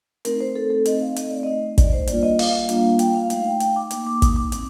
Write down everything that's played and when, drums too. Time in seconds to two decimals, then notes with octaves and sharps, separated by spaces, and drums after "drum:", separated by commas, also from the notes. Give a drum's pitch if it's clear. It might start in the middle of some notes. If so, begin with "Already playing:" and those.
0.25 A3 C4 D#4 A#4, drum: hi-hat
0.41 C5
0.56 A4
0.70 A4
0.86 A3 C4 D#4 D#5, drum: hi-hat
1.02 F5
1.16 D#5, drum: hi-hat
1.30 D5
1.43 D#4 D#5
1.52 A3
1.78 D5, drum: kick, hi-hat
1.93 C5
2.07 G3 A#3 D4 F4 D5, drum: hi-hat
2.23 D#5
2.39 F5, drum: open hi-hat
2.69 G3 A#3 D4 F4, drum: hi-hat
2.99 G5, drum: hi-hat
3.14 F5
3.30 A3 D#4 F5, drum: hi-hat
3.45 G5
3.60 G5, drum: hi-hat
3.76 D6
3.91 A#3 D#4 D6, drum: hi-hat
4.07 D6
4.22 D#6, drum: kick, hi-hat
4.36 D6
4.52 C4 D#4, drum: hi-hat